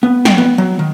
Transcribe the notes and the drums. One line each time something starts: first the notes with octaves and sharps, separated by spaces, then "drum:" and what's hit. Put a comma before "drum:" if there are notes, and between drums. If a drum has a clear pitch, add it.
B3
G5, drum: snare
B3
F#3
D#3